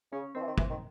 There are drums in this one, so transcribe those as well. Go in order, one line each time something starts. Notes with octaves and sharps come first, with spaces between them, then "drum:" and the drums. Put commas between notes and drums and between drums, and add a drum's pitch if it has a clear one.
C#3 C#4
D#3 C4
E3
D#3
E3, drum: kick
D#3